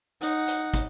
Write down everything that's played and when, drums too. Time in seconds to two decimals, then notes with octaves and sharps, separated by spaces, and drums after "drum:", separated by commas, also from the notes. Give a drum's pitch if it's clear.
0.21 D#4 F#5, drum: hi-hat
0.47 drum: hi-hat
0.74 drum: kick, hi-hat